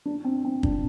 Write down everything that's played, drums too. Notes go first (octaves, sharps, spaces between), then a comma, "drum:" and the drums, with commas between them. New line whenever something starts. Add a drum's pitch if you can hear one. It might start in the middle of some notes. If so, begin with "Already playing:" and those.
D4
C4
C4
D4, drum: kick